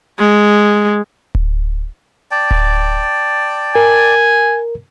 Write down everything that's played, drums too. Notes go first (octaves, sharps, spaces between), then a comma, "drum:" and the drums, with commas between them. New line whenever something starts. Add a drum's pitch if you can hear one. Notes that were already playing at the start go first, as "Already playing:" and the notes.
G#3
drum: kick D1
D5 G5 A5
drum: kick D1
A#4 G#5